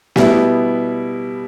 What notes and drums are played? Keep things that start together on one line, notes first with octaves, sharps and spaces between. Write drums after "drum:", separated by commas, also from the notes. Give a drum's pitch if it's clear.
B2 G3 B3 E4, drum: snare